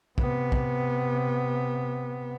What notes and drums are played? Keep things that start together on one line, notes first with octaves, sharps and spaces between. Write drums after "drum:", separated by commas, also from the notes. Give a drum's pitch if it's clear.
C3 B3, drum: kick
drum: kick